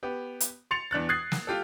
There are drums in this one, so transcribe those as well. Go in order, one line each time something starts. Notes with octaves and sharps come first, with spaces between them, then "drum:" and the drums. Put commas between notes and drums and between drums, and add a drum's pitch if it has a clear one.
B3 G4
drum: hi-hat
C6 A6 C#7 F7
E2 D4 F#6 A6
D#6 F#6 G#6 A6 C7
drum: snare
F4 G4 A4